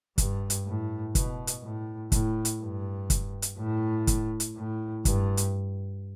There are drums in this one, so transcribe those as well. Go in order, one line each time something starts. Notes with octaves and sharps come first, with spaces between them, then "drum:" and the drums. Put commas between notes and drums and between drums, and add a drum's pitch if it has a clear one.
G2, drum: kick, hi-hat
drum: hi-hat
A2
B2, drum: kick, hi-hat
drum: hi-hat
A2
A2, drum: kick, hi-hat
drum: hi-hat
G2
drum: kick, hi-hat
drum: hi-hat
A2
drum: kick, hi-hat
drum: hi-hat
A2
G2, drum: kick, hi-hat
drum: hi-hat